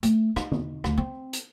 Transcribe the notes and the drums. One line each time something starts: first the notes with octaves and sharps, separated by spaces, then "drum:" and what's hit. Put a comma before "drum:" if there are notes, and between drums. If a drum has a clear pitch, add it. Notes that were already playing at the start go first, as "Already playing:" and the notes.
A3, drum: hi-hat
D#4, drum: rim click
drum: tom
D2, drum: rim click
C4
drum: hi-hat